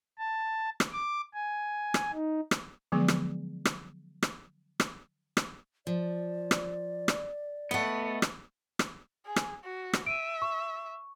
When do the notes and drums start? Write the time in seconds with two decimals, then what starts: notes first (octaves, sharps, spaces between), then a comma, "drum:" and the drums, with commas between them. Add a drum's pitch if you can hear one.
0.18 A5
0.80 drum: rim click
0.92 D6
1.34 G#5
1.94 drum: rim click
2.13 D#4
2.51 drum: rim click
2.92 D3 F3 F#3 G#3 B3 G#4
3.08 drum: rim click
3.65 drum: rim click
4.23 drum: rim click
4.80 drum: rim click
5.37 drum: rim click
5.87 F3 D5
6.51 drum: rim click
7.08 drum: rim click
7.71 A3 B3 D#5 F#5
8.22 drum: rim click
8.79 drum: rim click
9.26 G#4
9.36 drum: rim click
9.64 F#4
9.93 drum: rim click
10.06 E5 D7 D#7
10.42 C#6